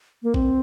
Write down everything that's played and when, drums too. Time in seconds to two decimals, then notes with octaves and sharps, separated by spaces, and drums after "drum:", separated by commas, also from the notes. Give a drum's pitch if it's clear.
0.23 A#3
0.34 C4, drum: kick A#1